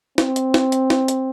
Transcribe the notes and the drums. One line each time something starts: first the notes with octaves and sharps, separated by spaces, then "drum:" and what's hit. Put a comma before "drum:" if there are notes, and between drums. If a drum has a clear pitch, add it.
C4, drum: snare
drum: hi-hat
drum: snare
drum: hi-hat
drum: snare
drum: hi-hat